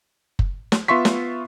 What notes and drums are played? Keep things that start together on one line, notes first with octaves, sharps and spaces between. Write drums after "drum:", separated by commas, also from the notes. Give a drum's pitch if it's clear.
drum: kick F#1
drum: snare
B3 F4 E5 C6 C#6 B6
drum: snare